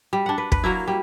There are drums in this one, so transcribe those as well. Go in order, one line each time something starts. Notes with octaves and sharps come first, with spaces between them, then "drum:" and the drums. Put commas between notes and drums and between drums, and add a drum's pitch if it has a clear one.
G3
D4 F#5
B4
B4, drum: kick
F#3 A#3 E4
G3